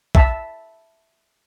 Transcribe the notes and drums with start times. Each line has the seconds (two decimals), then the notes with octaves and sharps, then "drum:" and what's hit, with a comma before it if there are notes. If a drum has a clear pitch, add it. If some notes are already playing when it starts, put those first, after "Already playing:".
0.15 E5 A5, drum: kick